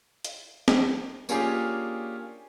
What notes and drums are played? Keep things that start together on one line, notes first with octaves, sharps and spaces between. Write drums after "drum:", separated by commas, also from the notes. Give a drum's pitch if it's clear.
drum: hi-hat
drum: snare
A#3 C#4 D4 F4 G4 G#4, drum: tambourine